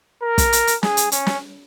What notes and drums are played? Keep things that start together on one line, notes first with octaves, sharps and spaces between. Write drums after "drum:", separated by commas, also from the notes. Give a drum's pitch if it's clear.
A#4
drum: kick, hi-hat
drum: hi-hat
drum: hi-hat
G#4, drum: snare
drum: hi-hat
C#4, drum: hi-hat
drum: snare